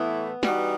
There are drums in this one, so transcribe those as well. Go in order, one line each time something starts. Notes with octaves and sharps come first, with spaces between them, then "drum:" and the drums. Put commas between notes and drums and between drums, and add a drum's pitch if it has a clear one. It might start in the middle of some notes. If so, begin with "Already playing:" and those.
Already playing: A2 E3 A3 B3 E4
E3 G3 D#4 F#4, drum: snare